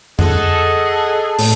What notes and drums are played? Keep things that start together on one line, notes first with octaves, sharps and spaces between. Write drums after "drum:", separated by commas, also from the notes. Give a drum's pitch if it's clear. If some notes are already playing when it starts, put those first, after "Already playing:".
G#4 A4 D#5 F#5, drum: tom F2
A2, drum: open hi-hat